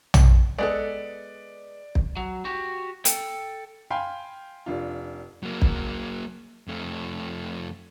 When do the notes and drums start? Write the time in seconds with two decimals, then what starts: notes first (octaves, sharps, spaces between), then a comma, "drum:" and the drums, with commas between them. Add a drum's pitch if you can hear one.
0.14 drum: tom
0.58 G#3 B3 A4 D5
1.95 drum: kick
2.17 F#3
2.45 F#4 G4
3.05 A4 G5, drum: hi-hat
3.90 F5 G5 G#5 B5 C6
4.66 F1 D4 F4
5.43 F#3 A#3
5.62 drum: kick
6.68 F2 A3